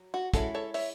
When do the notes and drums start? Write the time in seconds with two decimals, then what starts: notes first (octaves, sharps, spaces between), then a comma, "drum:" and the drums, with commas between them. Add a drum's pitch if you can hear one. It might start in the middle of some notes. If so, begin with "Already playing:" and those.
Already playing: F#3
0.14 F#4
0.34 G#3 C#4 E4 F#4 A4, drum: kick, hi-hat
0.54 A4 C#5
0.74 C#5 E5, drum: open hi-hat